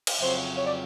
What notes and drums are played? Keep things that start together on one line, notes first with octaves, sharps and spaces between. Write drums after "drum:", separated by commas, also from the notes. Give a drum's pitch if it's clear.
drum: cymbal
F2 C#3 F#3 C5
C#5
D5